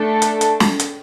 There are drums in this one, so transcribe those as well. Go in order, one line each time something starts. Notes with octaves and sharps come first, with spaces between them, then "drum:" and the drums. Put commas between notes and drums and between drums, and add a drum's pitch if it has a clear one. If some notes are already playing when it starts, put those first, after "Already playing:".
Already playing: A3 D4 A4
drum: hi-hat
drum: hi-hat
drum: snare
drum: hi-hat